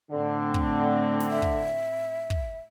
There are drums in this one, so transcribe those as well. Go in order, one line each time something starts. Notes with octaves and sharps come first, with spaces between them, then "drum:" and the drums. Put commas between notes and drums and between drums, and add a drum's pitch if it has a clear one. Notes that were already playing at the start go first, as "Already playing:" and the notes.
A2 D3 C4
drum: kick
drum: snare
E5
drum: kick
drum: kick